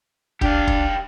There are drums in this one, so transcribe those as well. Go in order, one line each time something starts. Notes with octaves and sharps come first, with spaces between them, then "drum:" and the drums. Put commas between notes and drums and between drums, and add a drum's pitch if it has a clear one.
D4 G4 F5, drum: kick
drum: kick